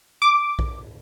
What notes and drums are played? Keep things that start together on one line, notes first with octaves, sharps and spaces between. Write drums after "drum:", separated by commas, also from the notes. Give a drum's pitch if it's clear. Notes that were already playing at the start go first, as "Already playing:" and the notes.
D6
drum: kick A#1